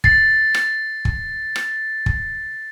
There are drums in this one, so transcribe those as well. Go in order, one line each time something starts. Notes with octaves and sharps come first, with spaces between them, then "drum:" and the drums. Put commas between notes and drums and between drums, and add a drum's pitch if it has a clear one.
A6 C7, drum: kick
drum: rim click
drum: kick
drum: rim click
drum: kick